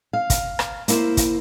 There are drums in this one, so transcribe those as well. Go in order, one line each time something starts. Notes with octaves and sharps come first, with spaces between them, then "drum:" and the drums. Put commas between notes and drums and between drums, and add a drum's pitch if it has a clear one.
F5
drum: kick, hi-hat
drum: rim click
A#3 E4 C5, drum: hi-hat
drum: kick, hi-hat